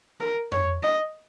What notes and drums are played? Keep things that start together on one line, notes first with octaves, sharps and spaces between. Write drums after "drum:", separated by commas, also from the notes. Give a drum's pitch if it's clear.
A#4
C#5, drum: tom F2
D#5